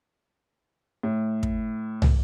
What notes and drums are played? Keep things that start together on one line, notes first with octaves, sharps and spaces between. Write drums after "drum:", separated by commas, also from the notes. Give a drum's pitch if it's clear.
A2
drum: kick
drum: tom